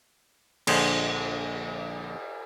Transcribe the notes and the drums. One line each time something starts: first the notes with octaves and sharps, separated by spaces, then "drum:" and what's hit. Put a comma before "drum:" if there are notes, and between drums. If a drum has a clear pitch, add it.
A#1 D3 G#4 C5, drum: cymbal